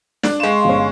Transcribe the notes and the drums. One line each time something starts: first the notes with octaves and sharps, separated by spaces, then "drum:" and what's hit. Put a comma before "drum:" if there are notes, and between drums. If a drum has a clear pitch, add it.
D4, drum: snare
G#3 F5 C6 C#6 E7
G1 C#4